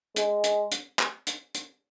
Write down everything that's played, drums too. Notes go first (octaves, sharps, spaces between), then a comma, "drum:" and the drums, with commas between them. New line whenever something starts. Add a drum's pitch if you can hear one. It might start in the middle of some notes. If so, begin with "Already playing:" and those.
G#3, drum: hi-hat
drum: hi-hat
drum: hi-hat
drum: clap
drum: hi-hat
drum: hi-hat